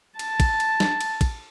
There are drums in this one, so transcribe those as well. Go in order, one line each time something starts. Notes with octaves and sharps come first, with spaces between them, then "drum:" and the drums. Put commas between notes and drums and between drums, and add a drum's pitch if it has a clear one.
A5, drum: cymbal
drum: kick, cymbal
drum: cymbal
drum: snare
drum: cymbal
drum: kick, cymbal